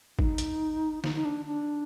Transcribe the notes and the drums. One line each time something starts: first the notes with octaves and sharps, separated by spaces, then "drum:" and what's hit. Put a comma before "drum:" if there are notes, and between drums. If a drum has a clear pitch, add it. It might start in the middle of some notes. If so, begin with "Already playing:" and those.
D#4, drum: kick
drum: hi-hat
D#4, drum: snare
D#4
D4
D4